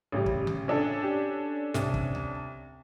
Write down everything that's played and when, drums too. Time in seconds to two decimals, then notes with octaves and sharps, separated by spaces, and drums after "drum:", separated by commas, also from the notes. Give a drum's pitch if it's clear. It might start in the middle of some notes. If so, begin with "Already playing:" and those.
0.12 A1 C#3 G3
0.26 drum: kick
0.47 drum: tom C3
0.68 C#4 D4 A4
1.03 G4
1.74 C2, drum: snare
1.94 drum: kick
2.15 drum: tom C#2